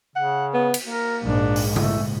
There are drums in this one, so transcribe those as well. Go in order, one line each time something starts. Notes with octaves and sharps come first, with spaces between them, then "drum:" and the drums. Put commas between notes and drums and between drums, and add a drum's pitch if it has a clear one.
C#3 F#5
B3
drum: cymbal
A#3 A#4
A#1 G#2 G#3 D4
drum: open hi-hat
A3, drum: tom C#3